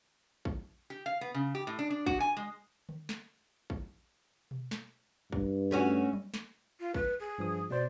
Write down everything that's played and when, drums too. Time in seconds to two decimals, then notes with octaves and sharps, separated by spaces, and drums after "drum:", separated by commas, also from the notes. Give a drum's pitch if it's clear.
0.45 drum: kick
0.90 G4
1.06 F5
1.21 B3
1.34 C#3
1.55 G4
1.67 A2
1.79 D4
1.90 D4
2.06 F#4, drum: kick
2.20 G#5
2.37 G#3
2.89 drum: tom D3
3.09 drum: snare
3.70 drum: kick
4.51 drum: tom B2
4.71 drum: snare
5.32 G2, drum: kick
5.71 A3 C#4 F#4
6.13 drum: tom F#3
6.34 drum: snare
6.80 F4
6.94 B4, drum: kick
7.20 G#4
7.38 G2 F3 D#6
7.70 B2 C5 D5